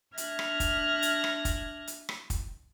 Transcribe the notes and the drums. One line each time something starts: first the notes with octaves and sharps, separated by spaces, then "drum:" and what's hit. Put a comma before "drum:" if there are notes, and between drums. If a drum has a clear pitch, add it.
D4 E5 F6 F#6 G#6 A#6, drum: hi-hat
drum: rim click
drum: kick, hi-hat
drum: hi-hat
drum: rim click
drum: kick, hi-hat
drum: hi-hat
drum: rim click
drum: kick, hi-hat